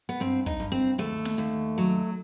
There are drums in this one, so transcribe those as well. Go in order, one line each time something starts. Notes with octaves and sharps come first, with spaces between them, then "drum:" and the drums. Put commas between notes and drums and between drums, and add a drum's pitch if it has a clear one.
B3
G2 C4
D#4, drum: kick
G2
C4, drum: open hi-hat
D#2 A3
drum: snare
D#2
F#3